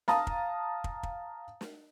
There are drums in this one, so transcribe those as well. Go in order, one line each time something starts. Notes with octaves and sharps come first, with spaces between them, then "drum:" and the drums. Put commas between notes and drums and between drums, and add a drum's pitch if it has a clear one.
F5 A5 A#5 D#6, drum: snare
drum: kick
drum: kick
drum: kick
drum: snare